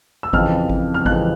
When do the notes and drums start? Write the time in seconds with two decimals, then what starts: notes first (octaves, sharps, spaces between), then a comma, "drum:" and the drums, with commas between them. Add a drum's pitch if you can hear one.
0.23 E6
0.33 F2 C#3 E3 F6, drum: kick G#1
0.70 drum: kick G#1
0.94 F6
1.05 F2 C#3 E3 F#6, drum: kick G#1